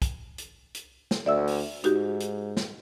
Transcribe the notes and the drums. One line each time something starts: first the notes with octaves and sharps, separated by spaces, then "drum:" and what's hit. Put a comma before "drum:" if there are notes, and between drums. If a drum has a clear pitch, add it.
drum: kick, hi-hat
drum: hi-hat
drum: hi-hat
drum: snare
D2 D5 E5 E6
drum: open hi-hat
G#2 D#4 F#4 G4, drum: hi-hat
drum: hi-hat
drum: snare